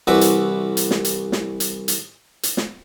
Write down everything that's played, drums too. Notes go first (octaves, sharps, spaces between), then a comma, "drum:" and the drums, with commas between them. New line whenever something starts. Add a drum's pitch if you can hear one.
C2 E3 F#4 B4 D5 E5
drum: hi-hat
drum: hi-hat
drum: snare
drum: hi-hat
drum: snare
drum: hi-hat
drum: hi-hat
drum: hi-hat
drum: snare